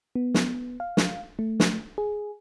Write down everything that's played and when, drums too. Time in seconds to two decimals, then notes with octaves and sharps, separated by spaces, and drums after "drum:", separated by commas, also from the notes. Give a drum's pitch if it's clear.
0.15 B3
0.34 drum: snare
0.80 F5
0.97 drum: snare
1.39 A3
1.60 drum: snare
1.98 G#4